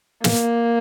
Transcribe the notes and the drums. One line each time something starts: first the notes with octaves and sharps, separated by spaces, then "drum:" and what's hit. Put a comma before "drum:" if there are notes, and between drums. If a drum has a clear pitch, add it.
A#3, drum: snare